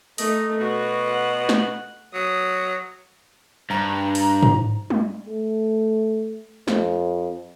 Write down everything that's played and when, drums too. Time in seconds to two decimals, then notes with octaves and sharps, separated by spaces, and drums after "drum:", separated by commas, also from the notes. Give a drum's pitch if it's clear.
0.18 A3 D#4 D#5, drum: open hi-hat
0.59 B2 F#4
1.09 F#5
1.49 drum: snare
2.14 F#3 D#6
3.70 G2 A#5
4.15 drum: open hi-hat
4.43 drum: tom G#2
4.90 drum: tom G3
5.28 A3
6.68 F2, drum: snare